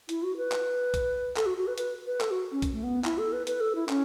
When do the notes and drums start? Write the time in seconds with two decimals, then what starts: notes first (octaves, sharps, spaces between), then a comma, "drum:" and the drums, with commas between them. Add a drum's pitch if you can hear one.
0.09 E4, drum: hi-hat
0.23 F#4
0.37 B4
0.52 drum: clap
0.94 drum: kick, hi-hat
1.36 A4, drum: clap
1.46 F#4
1.58 F#4
1.67 B4
1.78 B4, drum: hi-hat
2.06 B4
2.21 A4, drum: clap
2.31 F#4
2.52 C#4
2.62 drum: kick, hi-hat
2.73 A3
2.83 B3
3.04 E4, drum: clap
3.18 A4
3.33 B4
3.47 B4, drum: hi-hat
3.60 A4
3.75 E4
3.89 C#4, drum: clap